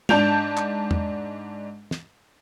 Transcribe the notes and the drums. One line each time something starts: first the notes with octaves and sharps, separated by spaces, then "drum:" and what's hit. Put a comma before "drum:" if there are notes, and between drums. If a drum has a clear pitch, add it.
G#2 D4 A5 G6 D7 F7, drum: tom
drum: clap
drum: tom E2
drum: snare